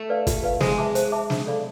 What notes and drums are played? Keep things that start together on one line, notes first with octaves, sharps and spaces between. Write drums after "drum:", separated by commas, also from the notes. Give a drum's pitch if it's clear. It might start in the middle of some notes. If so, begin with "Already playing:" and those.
Already playing: A3
B4 D5 F5
F4, drum: kick, hi-hat
B4 D5 F5
G#3 C5, drum: snare
E5 A5 D6
C5, drum: hi-hat
E5 A5 D6
D4, drum: snare
A4 D5 F5 B5